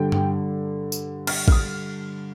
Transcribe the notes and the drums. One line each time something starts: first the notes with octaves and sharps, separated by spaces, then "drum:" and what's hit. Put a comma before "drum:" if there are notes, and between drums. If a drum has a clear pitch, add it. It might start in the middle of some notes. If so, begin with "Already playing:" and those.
Already playing: G2 D3 G3 G5
drum: tom G2
drum: tambourine
F6, drum: cymbal
F6, drum: kick
D#6